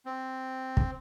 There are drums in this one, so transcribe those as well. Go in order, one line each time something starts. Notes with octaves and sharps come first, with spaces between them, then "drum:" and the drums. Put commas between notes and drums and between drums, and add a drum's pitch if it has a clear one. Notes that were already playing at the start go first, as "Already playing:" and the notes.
C4
drum: kick